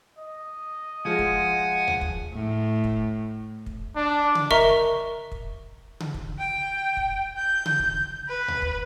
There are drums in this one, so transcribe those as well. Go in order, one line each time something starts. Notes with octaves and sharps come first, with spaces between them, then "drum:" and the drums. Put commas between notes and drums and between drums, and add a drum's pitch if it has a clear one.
D#5
F3 G#3 F#5 G#5 G#6
drum: kick
drum: tom D2
drum: kick
A2
drum: kick
drum: kick
D4
drum: tom C#3
A#4 D#5 E5 A#5 C#6, drum: kick
drum: kick
drum: tom C#3
drum: kick
G5
drum: kick
G6
drum: tom C#3
drum: kick
B4
drum: tom D2
drum: kick